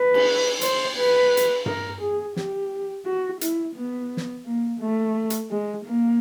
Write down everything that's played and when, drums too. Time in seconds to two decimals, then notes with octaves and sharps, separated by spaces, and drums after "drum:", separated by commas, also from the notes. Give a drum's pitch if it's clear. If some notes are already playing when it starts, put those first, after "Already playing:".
Already playing: B4
0.14 drum: cymbal
0.61 C5, drum: hi-hat
0.97 B4
1.37 drum: hi-hat
1.66 A#4, drum: tom G2
2.01 G#4
2.36 G4, drum: snare
3.06 F#4
3.41 E4, drum: hi-hat
3.75 B3
4.17 drum: snare
4.46 A#3
4.81 A3
5.30 drum: hi-hat
5.50 G#3
5.85 A#3